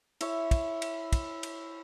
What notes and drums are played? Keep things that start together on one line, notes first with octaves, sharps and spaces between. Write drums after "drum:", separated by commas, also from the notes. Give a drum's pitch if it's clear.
E4 C#5, drum: cymbal
drum: kick, cymbal
drum: cymbal
drum: kick, cymbal
drum: cymbal